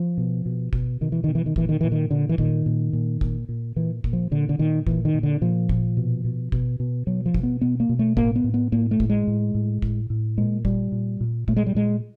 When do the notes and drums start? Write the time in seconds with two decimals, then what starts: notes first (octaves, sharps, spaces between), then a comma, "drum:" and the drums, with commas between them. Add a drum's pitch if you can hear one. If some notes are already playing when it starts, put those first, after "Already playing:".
Already playing: F3
0.18 B2
0.46 B2
0.73 B2, drum: kick
1.01 B2 D#3
1.12 E3
1.24 B2 D#3
1.35 E3
1.46 D#3
1.56 A#2 E3, drum: kick
1.69 D#3
1.81 A#2 E3
1.92 D#3
2.11 A#2 D3
2.29 E3
2.38 A#2 D#3, drum: kick
2.66 A#2
2.93 A#2
3.21 A#2, drum: kick
3.49 A#2
3.76 A#2 E3
4.04 A#2, drum: kick
4.13 F3
4.31 A#2 D3
4.49 D3
4.59 A#2 D#3
4.87 A#2 E3, drum: kick
5.05 D#3
5.14 A#2
5.23 D3
5.41 A#2 F3
5.69 A#2, drum: kick
5.97 B2
6.25 B2
6.52 B2, drum: kick
6.80 B2
7.07 B2 F#3
7.26 F3
7.34 B2, drum: kick
7.43 B3
7.61 B2 B3
7.80 A#3
7.89 B2
7.99 A3
8.17 A2 A#3, drum: kick
8.36 B3
8.44 A2
8.54 B3
8.72 A2 A#3
8.91 A3
9.00 A2, drum: kick
9.10 G#3
9.27 A2
9.55 A2
9.82 A2, drum: kick
10.10 A2
10.38 A#2 G#3
10.65 A#2 G3, drum: kick
10.92 A#2
11.21 A#2
11.48 A#2 A3, drum: kick
11.57 G#3
11.67 G3
11.75 A#2 G#3